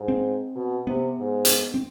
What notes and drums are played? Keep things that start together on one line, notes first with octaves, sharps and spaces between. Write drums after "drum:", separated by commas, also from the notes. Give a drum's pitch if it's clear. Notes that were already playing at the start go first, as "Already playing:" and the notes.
Already playing: G#2
C4
B2
C3 B3
G#2
drum: hi-hat
C4